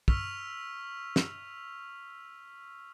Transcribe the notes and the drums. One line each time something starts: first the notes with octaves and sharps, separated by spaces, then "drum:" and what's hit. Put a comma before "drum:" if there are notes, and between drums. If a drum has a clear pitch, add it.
C#6 E6 F6 B6 F7, drum: kick
drum: snare